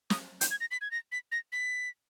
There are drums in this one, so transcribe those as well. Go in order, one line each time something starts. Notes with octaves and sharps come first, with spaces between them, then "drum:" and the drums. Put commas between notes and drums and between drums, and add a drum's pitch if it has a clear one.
D#6, drum: snare
G6, drum: hi-hat
G#6
A#6
B6
G#6
A#6
B6
A#6
B6